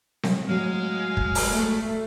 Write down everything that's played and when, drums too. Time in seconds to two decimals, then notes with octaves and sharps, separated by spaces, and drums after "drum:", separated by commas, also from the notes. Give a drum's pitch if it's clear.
0.23 drum: snare C4
0.49 A2 F#3 G#3 F5
1.17 drum: kick
1.35 drum: open hi-hat
1.52 A3